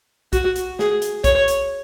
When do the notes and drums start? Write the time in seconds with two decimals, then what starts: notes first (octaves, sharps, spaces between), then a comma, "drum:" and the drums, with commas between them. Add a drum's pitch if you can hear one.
0.33 F#4, drum: kick, hi-hat
0.56 drum: hi-hat
0.79 G#4, drum: snare
1.02 drum: hi-hat
1.24 C#5, drum: kick, hi-hat
1.48 drum: hi-hat